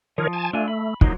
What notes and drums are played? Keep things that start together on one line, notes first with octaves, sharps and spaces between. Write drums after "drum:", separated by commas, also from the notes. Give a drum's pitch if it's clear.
D#3 F3 A#4 C#5 D#6
G#5 A5
A3 D4 F4 G#5
B5
F3 F#3 A#3 D#4, drum: kick